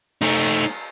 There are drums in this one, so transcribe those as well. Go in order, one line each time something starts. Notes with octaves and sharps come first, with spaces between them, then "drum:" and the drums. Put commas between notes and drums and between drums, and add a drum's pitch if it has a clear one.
A3 D#4, drum: cymbal